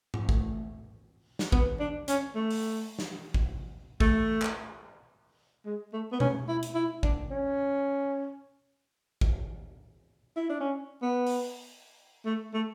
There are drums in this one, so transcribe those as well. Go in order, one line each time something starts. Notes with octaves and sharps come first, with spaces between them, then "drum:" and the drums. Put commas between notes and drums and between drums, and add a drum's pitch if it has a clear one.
drum: tom G#2
A3, drum: kick A1
drum: snare
B3, drum: kick A1
D4
C#4, drum: hi-hat
A3
drum: open hi-hat
drum: snare
drum: kick A1
A3, drum: kick A1
drum: clap
G#3
A3
B3
C#4, drum: tom B2
E4
drum: hi-hat
E4
D4, drum: kick A1
C#4
drum: kick A1
E4
D4
C#4
B3
drum: open hi-hat
A3
A3